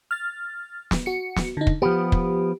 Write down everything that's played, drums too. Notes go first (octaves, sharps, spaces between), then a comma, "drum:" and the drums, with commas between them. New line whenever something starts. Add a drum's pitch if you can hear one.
F6 A6
drum: snare
F#4 C#7
drum: snare
D3 D#4
drum: kick
F3 B3 G4
drum: kick